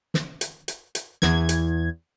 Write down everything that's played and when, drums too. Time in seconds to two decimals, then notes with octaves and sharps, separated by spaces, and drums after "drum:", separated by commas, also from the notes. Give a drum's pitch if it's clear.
0.14 drum: snare
0.41 drum: hi-hat
0.68 drum: hi-hat
0.95 drum: hi-hat
1.22 E2 G#6, drum: snare
1.49 drum: hi-hat